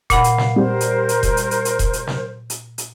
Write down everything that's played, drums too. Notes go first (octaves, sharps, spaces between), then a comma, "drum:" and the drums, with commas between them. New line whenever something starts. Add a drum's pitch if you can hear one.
A#2 F5 F#5 B5, drum: kick E1, hi-hat
drum: hi-hat
drum: snare
G3 A#4 C5
drum: hi-hat
drum: hi-hat
drum: kick E1, hi-hat
drum: hi-hat
drum: hi-hat
drum: hi-hat
drum: kick E1, hi-hat
drum: hi-hat
drum: snare
drum: hi-hat
drum: hi-hat